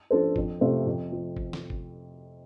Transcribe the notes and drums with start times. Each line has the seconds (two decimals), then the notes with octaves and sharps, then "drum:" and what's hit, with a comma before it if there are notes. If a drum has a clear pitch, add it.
0.10 F3 D4 A4 C5
0.36 F2, drum: kick G1
0.61 C3 A3 F4 C5
0.86 F2
1.12 F3
1.37 drum: kick G1
1.53 drum: snare
1.70 drum: kick G1